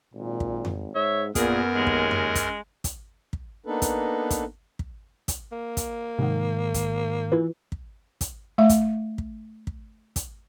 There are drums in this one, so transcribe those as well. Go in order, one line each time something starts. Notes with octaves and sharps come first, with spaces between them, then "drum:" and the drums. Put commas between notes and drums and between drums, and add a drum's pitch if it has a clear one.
G#1 A#2
drum: kick
drum: tom F2
G#2 C#5 E5
F#2 A#2 B3 G#4 A#4, drum: kick, hi-hat
D#2 G#3
drum: kick
drum: tom F2
drum: kick, hi-hat
drum: kick, hi-hat
drum: kick
A#3 B3 D4 D#4 A4 B4
drum: kick, hi-hat
drum: kick, hi-hat
drum: kick
drum: kick, hi-hat
A#3
drum: kick, hi-hat
G#2 C3 D#3 F#5
drum: kick, hi-hat
E3 E4 F4 B4
drum: kick
drum: kick, hi-hat
A3 E5
drum: kick, hi-hat
drum: kick
drum: kick
drum: kick, hi-hat